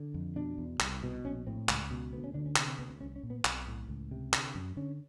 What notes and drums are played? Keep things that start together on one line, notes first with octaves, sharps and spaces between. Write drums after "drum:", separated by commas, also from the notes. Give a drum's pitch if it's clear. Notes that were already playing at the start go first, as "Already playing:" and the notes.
Already playing: D3
F2
B2 D4
E2
C2, drum: clap
B2
A#1 C#4
A2 C4
C#2, drum: clap
B2
D2 B3
C#4
D3 D4
C#4
C3 B3, drum: clap
C4
D2 B3
C4
C2 C#4
C#4
A#2
B3
B1 C4, drum: clap
A2
C#2
C3
D3, drum: clap
F#2
D3 C#4